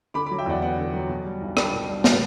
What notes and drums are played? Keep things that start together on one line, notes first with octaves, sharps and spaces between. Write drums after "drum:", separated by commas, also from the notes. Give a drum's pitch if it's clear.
D3 B5 D6
B5 D6
F#3
E5 G5
E2 D5 F#5
B3 D5 F#5
D3
F#3
B2
G3
B1
D4 G5 B5, drum: rim click
B2
G3
A2, drum: snare